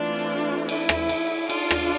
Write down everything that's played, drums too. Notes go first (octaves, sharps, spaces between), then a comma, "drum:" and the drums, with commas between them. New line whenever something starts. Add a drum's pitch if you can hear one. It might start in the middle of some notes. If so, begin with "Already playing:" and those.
Already playing: E3 A3 C4 D4 F4
E4, drum: cymbal
drum: rim click
drum: cymbal
D4 F4, drum: cymbal
drum: rim click